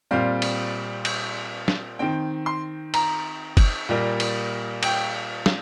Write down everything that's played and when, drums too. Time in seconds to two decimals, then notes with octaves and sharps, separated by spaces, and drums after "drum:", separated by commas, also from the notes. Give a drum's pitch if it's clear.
0.11 A#2 G3 C4 F5
0.42 drum: cymbal
1.05 drum: cymbal
1.68 drum: snare
1.99 D#3 C4 G5
2.46 C6
2.94 A#5, drum: cymbal
3.57 drum: kick F#1, cymbal
3.89 A#2 G3 A#3
4.20 drum: cymbal
4.83 G5, drum: cymbal
5.46 drum: snare